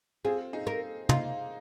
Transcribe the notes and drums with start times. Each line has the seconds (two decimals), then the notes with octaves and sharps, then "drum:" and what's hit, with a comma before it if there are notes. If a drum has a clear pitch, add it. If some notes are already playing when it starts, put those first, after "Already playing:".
0.25 C4 F4 G#4
0.53 D#4 G#4
0.67 A#4
1.09 A#3 D#4 F4, drum: tom